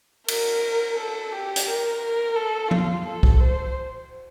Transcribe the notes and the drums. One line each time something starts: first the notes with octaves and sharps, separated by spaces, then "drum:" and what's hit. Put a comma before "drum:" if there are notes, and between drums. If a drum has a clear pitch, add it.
A#4, drum: cymbal
A4
G4
drum: hi-hat
A#4
A#4
A4
F4, drum: tom F3
A4
drum: kick C2
C5